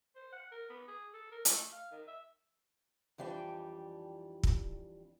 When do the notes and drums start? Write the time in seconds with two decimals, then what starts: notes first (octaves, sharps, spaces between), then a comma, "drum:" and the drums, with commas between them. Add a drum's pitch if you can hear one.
0.15 C5
0.32 F#5
0.51 A#4
0.69 B3
0.88 G#4
1.14 A4
1.32 A#4
1.45 A3, drum: hi-hat
1.72 F5
1.91 D#3
2.07 E5
3.18 F2 E3 G3 D4 G5
4.43 drum: kick